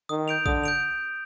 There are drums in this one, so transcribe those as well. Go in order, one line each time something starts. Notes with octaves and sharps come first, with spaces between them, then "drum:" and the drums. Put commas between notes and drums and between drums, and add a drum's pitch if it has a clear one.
D#3 D#6
G6 D7 F7
D3 D#6, drum: kick A#1
G6 D7 F7